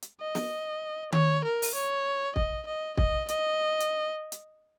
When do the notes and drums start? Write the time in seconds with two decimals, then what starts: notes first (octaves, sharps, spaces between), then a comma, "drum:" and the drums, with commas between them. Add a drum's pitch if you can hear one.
0.02 drum: hi-hat
0.21 D#5
0.35 drum: snare
1.12 C#5, drum: tom D#3
1.44 A#4
1.62 drum: open hi-hat
1.74 C#5
2.36 D#5, drum: kick
2.67 D#5
2.97 D#5, drum: kick
3.29 D#5, drum: hi-hat
3.80 drum: hi-hat
4.32 drum: hi-hat